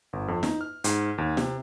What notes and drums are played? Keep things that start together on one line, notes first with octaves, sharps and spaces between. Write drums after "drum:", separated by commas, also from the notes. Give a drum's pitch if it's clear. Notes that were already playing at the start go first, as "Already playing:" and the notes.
G1
F2
D#4, drum: snare
F6
G#2, drum: hi-hat
D#2
C3, drum: snare